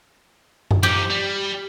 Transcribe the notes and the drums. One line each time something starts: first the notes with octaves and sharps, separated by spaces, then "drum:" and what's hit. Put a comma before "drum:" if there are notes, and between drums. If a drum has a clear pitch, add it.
drum: tom F#2
F3 D#4 G4
G3